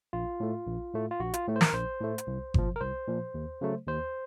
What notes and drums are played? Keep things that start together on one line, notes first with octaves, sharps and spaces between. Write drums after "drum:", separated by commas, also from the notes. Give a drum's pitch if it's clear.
A#1 F4
A2 A3
A#1
A2 A3
F4
A#1 F#4
F4, drum: hi-hat
A2 A3
C5
A#4, drum: snare
A#1 C5
A2 A3
drum: hi-hat
C2
A#2 F3, drum: kick G1
A#4
C2 C5
A#2 F3
D#2
C#3 F#3 A3
D#2 C5